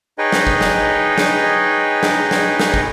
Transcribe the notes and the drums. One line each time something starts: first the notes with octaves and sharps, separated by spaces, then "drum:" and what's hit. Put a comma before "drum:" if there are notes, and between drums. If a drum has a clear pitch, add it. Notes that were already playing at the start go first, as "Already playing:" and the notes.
D#4 G#4 B4 C#5 D#5 G5
drum: snare
drum: kick
drum: snare
drum: snare
drum: snare
drum: snare
drum: snare
drum: kick